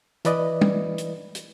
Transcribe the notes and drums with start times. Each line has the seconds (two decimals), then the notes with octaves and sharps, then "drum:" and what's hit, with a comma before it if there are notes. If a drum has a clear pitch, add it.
0.25 E3 E4 B4 D5 D#5, drum: hi-hat
0.61 drum: tom
0.98 drum: hi-hat
1.35 drum: hi-hat